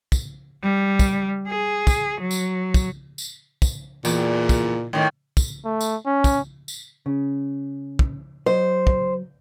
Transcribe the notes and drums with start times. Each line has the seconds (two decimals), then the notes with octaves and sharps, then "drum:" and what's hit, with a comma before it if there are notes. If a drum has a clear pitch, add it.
0.12 drum: kick, tambourine
0.63 G3
0.99 drum: kick, tambourine
1.48 G#4
1.87 drum: kick, tambourine
2.21 F#3
2.31 drum: tambourine
2.74 drum: kick, tambourine
3.18 drum: tambourine
3.62 drum: kick, tambourine
4.05 E2 A#2, drum: tambourine
4.49 drum: kick, tambourine
4.93 A2 D#3
5.37 drum: kick, tambourine
5.65 A3
5.81 drum: tambourine
6.06 C#4
6.24 drum: kick, tambourine
6.68 drum: tambourine
7.06 C#3
7.99 drum: kick
8.46 F#3 C5 D#5
8.87 drum: kick